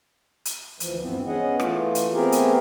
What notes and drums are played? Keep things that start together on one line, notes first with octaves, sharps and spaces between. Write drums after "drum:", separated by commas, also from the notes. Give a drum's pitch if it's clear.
drum: hi-hat
D2 E3 F3, drum: hi-hat
G2 E3 B3 C4
B3 C#4 G#4 D#5 F#5
E3 A3 F4, drum: rim click
drum: hi-hat
A3 B3 C4 G4 G#4 A#4
drum: hi-hat